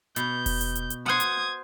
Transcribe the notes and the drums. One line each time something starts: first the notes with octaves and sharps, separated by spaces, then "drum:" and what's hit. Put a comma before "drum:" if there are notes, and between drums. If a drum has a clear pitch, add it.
B2 G6, drum: hi-hat
drum: kick E1, open hi-hat
drum: hi-hat
drum: hi-hat
drum: hi-hat
C5 F#5 D#6 G#6
drum: hi-hat